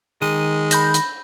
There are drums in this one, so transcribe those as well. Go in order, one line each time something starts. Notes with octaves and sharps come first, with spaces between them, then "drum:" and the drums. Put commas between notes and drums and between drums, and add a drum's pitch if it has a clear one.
D#3 G#3 D#7
B5 G6 A#6, drum: hi-hat
drum: hi-hat